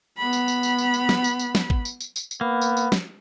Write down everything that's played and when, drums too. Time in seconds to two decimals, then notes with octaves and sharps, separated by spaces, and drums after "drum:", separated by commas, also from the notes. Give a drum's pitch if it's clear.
0.17 B3 B5
0.33 drum: tambourine
0.48 drum: tambourine
0.63 drum: tambourine
0.78 drum: tambourine
0.94 drum: tambourine
1.09 drum: snare
1.24 drum: tambourine
1.39 drum: tambourine
1.55 drum: snare
1.70 drum: kick
1.85 drum: tambourine
2.00 drum: tambourine
2.16 drum: tambourine
2.31 drum: tambourine
2.41 A#3 B3
2.61 drum: tambourine
2.77 drum: tambourine
2.92 drum: snare